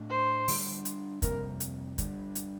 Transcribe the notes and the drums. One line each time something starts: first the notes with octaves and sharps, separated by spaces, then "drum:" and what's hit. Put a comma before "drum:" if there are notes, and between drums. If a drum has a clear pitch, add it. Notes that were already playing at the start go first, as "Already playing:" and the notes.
Already playing: A2 A3 D4
C5
D3 G3 D4, drum: open hi-hat
drum: hi-hat
F2 C3 G3 A#3 A#4, drum: kick, hi-hat
drum: hi-hat
G2 D3 G3, drum: kick, hi-hat
drum: hi-hat